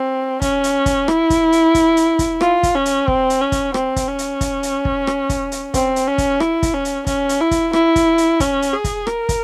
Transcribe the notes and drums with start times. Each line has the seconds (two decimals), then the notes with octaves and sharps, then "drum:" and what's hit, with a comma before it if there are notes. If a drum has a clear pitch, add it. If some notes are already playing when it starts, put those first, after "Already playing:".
Already playing: C4
0.42 C#4, drum: kick, hi-hat
0.64 drum: hi-hat
0.86 drum: kick, hi-hat
1.08 E4, drum: rim click
1.30 drum: kick, hi-hat
1.52 drum: hi-hat
1.75 drum: kick, hi-hat
1.97 drum: hi-hat
2.19 drum: kick, hi-hat
2.41 F4, drum: rim click
2.63 drum: kick, hi-hat
2.75 C#4
2.85 drum: hi-hat
3.08 C4, drum: kick
3.30 drum: hi-hat
3.41 C#4
3.52 drum: kick, hi-hat
3.74 C4, drum: rim click
3.96 drum: kick, hi-hat
4.08 C#4
4.19 drum: hi-hat
4.41 drum: kick, hi-hat
4.63 drum: hi-hat
4.85 drum: kick
5.07 drum: rim click
5.29 drum: kick, hi-hat
5.52 drum: hi-hat
5.74 C4, drum: kick, hi-hat
5.96 drum: hi-hat
6.07 C#4
6.18 drum: kick, hi-hat
6.40 E4, drum: rim click
6.63 drum: kick, hi-hat
6.74 C#4
6.85 drum: hi-hat
7.07 C#4, drum: kick, hi-hat
7.29 drum: hi-hat
7.40 E4
7.51 drum: kick, hi-hat
7.73 E4, drum: rim click
7.96 drum: kick, hi-hat
8.18 drum: hi-hat
8.40 C#4, drum: kick, hi-hat
8.62 drum: hi-hat
8.73 G#4
8.84 drum: kick, hi-hat
9.07 A#4, drum: rim click
9.29 drum: kick, hi-hat